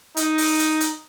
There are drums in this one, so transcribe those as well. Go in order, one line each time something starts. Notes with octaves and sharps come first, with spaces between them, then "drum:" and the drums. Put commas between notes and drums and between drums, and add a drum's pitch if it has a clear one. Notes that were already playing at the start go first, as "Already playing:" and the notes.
D#4, drum: hi-hat
drum: open hi-hat
drum: hi-hat
drum: hi-hat